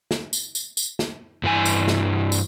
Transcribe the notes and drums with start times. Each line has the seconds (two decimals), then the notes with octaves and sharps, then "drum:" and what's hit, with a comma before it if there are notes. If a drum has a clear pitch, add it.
0.11 drum: snare
0.33 drum: tambourine
0.55 drum: tambourine
0.77 drum: tambourine
0.99 drum: snare
1.43 G2 E3 F#4 G#5
1.66 drum: tambourine
1.88 drum: snare
2.32 drum: tambourine